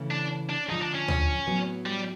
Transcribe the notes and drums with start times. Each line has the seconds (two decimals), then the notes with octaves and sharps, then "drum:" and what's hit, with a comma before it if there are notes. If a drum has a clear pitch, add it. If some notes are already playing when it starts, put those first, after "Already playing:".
Already playing: C#3 E3 A3
0.11 D4
0.49 D4
0.68 D3 F3 G#3 D#4
0.81 D4
0.95 C#4
1.08 drum: tom D2
1.47 A2 F#3 B3
1.86 G3